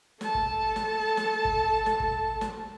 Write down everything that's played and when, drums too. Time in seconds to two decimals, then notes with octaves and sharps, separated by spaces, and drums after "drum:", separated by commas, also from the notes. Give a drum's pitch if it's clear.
0.21 A4 A5, drum: snare
0.35 drum: kick
0.76 drum: snare
1.17 drum: snare
1.45 drum: kick
1.86 drum: snare
2.00 drum: kick
2.41 drum: snare